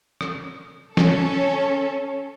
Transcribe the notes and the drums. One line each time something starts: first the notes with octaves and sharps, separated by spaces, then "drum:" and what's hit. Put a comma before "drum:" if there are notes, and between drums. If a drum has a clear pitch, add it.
drum: rim click
C#4 A4, drum: snare